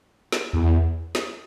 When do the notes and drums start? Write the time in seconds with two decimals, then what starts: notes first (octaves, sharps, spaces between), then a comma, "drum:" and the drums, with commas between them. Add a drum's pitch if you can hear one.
0.32 drum: snare
0.53 E2
1.15 drum: snare